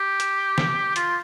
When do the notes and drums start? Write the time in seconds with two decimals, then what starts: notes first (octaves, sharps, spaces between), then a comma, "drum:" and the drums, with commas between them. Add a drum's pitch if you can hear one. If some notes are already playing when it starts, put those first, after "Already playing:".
Already playing: G4
0.20 drum: hi-hat
0.58 drum: snare
0.96 F4, drum: hi-hat